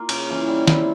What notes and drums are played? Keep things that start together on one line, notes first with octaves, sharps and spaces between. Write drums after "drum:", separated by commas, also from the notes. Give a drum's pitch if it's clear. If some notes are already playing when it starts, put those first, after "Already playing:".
Already playing: A#3 F4
C#3, drum: cymbal
E3 A#3 C#4
G3
C4 E4, drum: snare